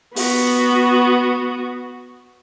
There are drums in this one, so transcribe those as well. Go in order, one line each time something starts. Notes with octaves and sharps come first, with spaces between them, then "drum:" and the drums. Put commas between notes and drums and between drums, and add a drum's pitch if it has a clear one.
B3 F#4, drum: open hi-hat